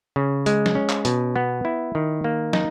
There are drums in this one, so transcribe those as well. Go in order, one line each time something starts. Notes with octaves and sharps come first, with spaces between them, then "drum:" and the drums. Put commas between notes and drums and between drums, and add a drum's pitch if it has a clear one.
C#3
G#3, drum: hi-hat
drum: snare
C#4
drum: clap
B2, drum: hi-hat
B3
E4
D#3
A#3
D#4, drum: snare